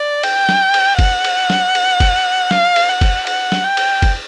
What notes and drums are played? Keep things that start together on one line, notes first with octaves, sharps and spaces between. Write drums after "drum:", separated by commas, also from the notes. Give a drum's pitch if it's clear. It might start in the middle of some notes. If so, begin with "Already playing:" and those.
Already playing: D5
G5, drum: cymbal
drum: snare
drum: cymbal
F#5, drum: kick F#1, cymbal
drum: cymbal
drum: snare
drum: cymbal
drum: kick F#1, cymbal
F5, drum: snare
drum: cymbal
F#5
drum: kick F#1, cymbal
F#5, drum: cymbal
drum: snare
G5
drum: cymbal
drum: kick F#1, cymbal